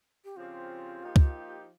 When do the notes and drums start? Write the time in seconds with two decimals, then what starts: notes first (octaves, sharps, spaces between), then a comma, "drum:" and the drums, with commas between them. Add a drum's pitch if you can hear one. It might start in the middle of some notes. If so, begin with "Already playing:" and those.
0.25 G4
0.36 C#3 F3 C4 F4 G4
1.03 F3 A#3 D#4 G4
1.16 drum: kick